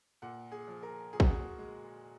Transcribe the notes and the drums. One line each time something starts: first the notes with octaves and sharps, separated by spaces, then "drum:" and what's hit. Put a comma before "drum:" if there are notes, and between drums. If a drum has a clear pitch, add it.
A#2 F#5
G#4
F3
A#4
A#2 G#4
F#4, drum: kick
G#4
G#3